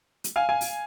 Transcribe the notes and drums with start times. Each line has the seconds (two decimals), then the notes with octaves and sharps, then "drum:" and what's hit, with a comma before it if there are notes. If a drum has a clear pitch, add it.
0.24 drum: hi-hat
0.36 F5 G#5
0.49 F5 G#5
0.61 drum: open hi-hat